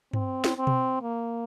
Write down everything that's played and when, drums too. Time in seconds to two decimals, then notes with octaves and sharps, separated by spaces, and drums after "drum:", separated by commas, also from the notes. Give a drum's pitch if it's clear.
0.13 C4, drum: tom G2
0.44 drum: snare
0.57 C4
0.67 drum: tom B2
1.03 A#3